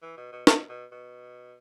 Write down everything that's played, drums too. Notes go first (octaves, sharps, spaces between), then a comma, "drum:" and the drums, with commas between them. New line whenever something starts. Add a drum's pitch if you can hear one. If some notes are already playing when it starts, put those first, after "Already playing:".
E3
B2
B2
B2, drum: snare
B2
B2